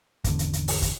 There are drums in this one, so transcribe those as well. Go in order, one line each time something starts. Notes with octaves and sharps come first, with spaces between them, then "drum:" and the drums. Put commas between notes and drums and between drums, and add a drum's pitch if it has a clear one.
G#1 E2 D3, drum: kick, hi-hat
drum: hi-hat
drum: hi-hat
drum: open hi-hat
drum: kick, hi-hat